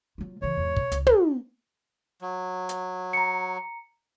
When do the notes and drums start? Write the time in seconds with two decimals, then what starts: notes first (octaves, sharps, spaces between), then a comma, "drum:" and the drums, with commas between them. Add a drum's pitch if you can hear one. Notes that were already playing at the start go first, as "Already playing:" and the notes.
0.18 F#3 F4
0.42 C#3 E3 C#5
0.57 E2 G#2
0.76 B2, drum: kick
0.92 C#2, drum: hi-hat
1.07 drum: tom
2.22 F#3
2.69 drum: hi-hat
3.13 A#5 C#7